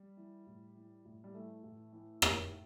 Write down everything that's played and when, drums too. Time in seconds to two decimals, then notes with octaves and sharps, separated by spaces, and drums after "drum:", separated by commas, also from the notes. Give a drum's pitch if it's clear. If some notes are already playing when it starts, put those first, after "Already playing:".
Already playing: G3
0.17 E3
0.47 A2
0.75 E3
1.05 A2
1.24 G3
1.34 E3 A3
1.63 A2
1.93 E3
2.22 A2, drum: rim click